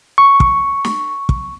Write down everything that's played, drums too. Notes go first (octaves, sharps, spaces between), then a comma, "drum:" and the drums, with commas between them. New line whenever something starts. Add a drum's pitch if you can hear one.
C#6
drum: kick
drum: snare
drum: kick